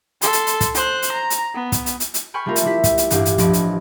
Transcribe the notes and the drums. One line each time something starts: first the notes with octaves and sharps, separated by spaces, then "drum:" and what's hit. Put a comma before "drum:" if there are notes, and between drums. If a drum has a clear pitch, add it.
A4 C6, drum: hi-hat
drum: hi-hat
drum: hi-hat
drum: kick, hi-hat
C5 F#6, drum: hi-hat
drum: hi-hat
A#5
drum: hi-hat
B3
drum: kick, hi-hat
drum: hi-hat
drum: hi-hat
drum: hi-hat
G5 G#5 B5 C#6 F6
G3 A3 C4 F4 A#4
drum: hi-hat
G3 E4 B6
drum: kick, hi-hat
drum: hi-hat
A1 G2 G4 F5, drum: hi-hat
drum: hi-hat
A1 F3 D#5 B5 D7, drum: kick, hi-hat
drum: hi-hat